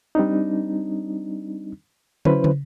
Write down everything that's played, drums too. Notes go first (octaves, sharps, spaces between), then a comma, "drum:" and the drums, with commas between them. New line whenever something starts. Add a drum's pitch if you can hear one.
G3 C4 D4 D#4
F#3 C#4 E4 B4 C5, drum: tom
drum: tom